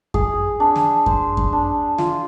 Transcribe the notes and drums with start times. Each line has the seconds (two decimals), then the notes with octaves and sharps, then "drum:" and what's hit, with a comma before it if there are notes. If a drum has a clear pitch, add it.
0.14 G#4, drum: kick F#2
0.60 D4
0.76 drum: snare
1.06 C5, drum: kick F#2
1.37 drum: kick F#2
1.53 D4
1.98 F4, drum: snare